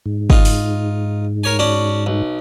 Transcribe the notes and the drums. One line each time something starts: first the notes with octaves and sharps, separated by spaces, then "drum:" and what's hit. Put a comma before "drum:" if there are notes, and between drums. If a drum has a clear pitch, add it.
G#2
D#4 F4, drum: kick
drum: open hi-hat
A#4 C#5 G#5
C#4 D4 F#4
B1